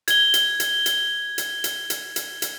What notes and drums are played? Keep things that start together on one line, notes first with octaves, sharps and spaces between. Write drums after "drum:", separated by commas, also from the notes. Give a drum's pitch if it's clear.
G#6 G7, drum: hi-hat
drum: hi-hat
drum: hi-hat
drum: hi-hat
drum: hi-hat
drum: hi-hat
drum: hi-hat
drum: hi-hat
drum: hi-hat